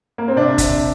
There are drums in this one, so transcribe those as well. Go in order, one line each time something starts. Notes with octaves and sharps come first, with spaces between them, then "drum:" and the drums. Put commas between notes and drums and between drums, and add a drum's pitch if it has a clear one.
A#3
C4
C3 D4
drum: kick, hi-hat